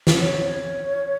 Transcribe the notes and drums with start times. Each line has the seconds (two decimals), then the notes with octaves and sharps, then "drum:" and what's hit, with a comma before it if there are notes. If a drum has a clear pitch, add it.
0.07 drum: snare
0.21 C#5